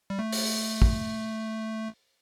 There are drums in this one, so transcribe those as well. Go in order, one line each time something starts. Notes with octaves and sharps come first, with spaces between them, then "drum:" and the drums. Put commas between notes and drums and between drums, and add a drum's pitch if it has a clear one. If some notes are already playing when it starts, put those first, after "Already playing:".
G3
A3
drum: open hi-hat
drum: kick